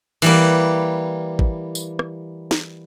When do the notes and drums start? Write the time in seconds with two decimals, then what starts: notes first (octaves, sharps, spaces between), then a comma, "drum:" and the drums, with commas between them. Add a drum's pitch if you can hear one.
0.22 E3 G3 A#3, drum: cymbal
1.39 drum: kick
1.75 drum: tambourine
1.99 drum: rim click
2.51 drum: snare